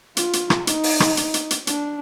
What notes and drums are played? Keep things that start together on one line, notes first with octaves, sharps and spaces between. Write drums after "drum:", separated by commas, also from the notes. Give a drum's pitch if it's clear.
F4, drum: hi-hat
drum: hi-hat
drum: rim click
D#4, drum: hi-hat
drum: open hi-hat
drum: rim click
drum: hi-hat
drum: hi-hat
drum: hi-hat
D4, drum: hi-hat